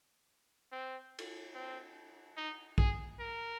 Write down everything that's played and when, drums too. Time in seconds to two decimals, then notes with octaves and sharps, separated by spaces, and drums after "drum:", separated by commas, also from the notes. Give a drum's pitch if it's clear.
0.72 C4
1.19 drum: cymbal
1.55 C4
2.37 D#4
2.78 G#4, drum: kick
3.19 A#4